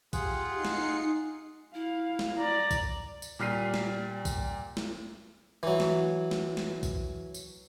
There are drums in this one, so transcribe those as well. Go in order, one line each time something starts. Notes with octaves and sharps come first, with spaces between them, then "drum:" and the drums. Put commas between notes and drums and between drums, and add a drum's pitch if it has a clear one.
F4 G4 G#4 F#5, drum: kick, tambourine
D#4 C7 C#7
drum: snare
E4 F5
drum: snare
D5 A#5
drum: kick, tambourine
drum: tambourine
A#2 G3 F6 B6 C7 D#7
drum: snare
drum: kick, tambourine
drum: snare
E3 F#3
drum: snare
drum: snare
drum: snare
drum: kick, tambourine
drum: tambourine